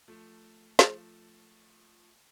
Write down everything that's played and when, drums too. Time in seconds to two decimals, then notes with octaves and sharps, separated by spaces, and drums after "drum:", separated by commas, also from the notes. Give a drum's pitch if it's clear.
0.08 F3 A3
0.79 F3 A3, drum: snare